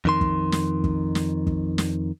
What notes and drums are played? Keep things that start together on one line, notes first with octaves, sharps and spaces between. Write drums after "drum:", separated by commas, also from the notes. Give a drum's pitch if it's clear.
F2 D#3 C6
drum: kick
drum: snare
drum: kick
drum: snare
drum: kick
drum: snare